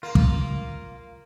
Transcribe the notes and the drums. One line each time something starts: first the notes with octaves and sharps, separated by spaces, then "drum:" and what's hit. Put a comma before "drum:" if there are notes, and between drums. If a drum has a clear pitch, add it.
A#3 F4
drum: kick